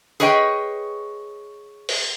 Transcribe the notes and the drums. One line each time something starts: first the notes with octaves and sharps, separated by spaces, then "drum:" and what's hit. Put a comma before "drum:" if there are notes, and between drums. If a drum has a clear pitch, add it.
G#4 B4 C#5 D#5 G5
drum: open hi-hat